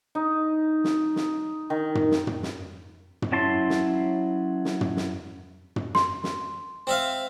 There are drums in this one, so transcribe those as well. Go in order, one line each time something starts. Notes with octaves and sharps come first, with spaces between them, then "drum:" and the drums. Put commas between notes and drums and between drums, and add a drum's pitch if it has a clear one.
D#4
drum: snare
drum: snare
D#3
drum: tom
drum: snare
drum: tom
drum: snare
drum: tom
F#3 C#4 E4 A5 C6
drum: snare
drum: snare
drum: tom
drum: snare
drum: tom
C6, drum: snare
drum: snare
C4 E5 F5